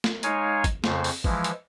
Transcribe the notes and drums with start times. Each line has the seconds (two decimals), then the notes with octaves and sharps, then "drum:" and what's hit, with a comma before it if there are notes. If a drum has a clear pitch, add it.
0.04 drum: snare
0.23 G#3 D#4 C#5 F5 G#5, drum: hi-hat
0.64 drum: kick G#1, hi-hat
0.84 F2 C#3 C5, drum: snare
1.04 drum: open hi-hat
1.24 E3 F3 G#3, drum: kick G#1
1.44 drum: hi-hat